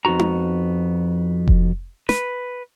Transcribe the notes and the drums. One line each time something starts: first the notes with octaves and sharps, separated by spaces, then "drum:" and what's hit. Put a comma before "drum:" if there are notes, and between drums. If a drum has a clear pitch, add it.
F2 B3 D#4 F#4 A#5
drum: tom D#4
drum: kick F1
B4, drum: snare